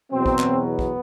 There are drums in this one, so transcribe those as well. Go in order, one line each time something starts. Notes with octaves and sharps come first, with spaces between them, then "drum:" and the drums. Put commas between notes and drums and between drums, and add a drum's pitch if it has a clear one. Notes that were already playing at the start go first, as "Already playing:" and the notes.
E2 B2 F#3 C4
drum: kick
drum: clap
B3
drum: kick